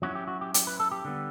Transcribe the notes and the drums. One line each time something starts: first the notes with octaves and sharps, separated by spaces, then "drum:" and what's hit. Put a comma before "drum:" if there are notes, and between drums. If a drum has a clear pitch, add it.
F#3 C#4 E4 F#4
G4
F#4
G4
G4, drum: hi-hat
B4
A4
G4
D3 G3 B3